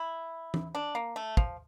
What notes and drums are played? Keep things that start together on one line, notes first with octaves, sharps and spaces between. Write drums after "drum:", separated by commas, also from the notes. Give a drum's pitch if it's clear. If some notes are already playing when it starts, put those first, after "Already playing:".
Already playing: E4
drum: tom E3
D4
A#3
A3
F3, drum: kick